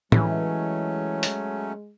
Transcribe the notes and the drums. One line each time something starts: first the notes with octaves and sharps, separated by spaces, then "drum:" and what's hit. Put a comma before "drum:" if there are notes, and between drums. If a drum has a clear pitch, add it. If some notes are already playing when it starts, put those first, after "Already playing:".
E3 F#3 G#3 A3 C#4, drum: tom
drum: hi-hat